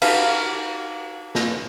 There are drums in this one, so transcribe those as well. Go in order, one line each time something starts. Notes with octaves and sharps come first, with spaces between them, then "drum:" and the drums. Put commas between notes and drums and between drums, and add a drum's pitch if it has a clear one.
D#4 F#4 G4 B4 F5 A5, drum: cymbal
drum: snare